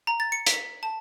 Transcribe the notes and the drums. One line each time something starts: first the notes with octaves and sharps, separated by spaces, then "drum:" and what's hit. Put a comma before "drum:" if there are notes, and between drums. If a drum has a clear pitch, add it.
A#5
A6
C#7
B6, drum: hi-hat
A5